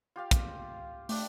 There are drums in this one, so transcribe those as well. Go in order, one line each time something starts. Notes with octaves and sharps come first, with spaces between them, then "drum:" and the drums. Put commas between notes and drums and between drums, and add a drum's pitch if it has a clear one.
F4 G4 F5
drum: kick, hi-hat
A3 D4 G4, drum: open hi-hat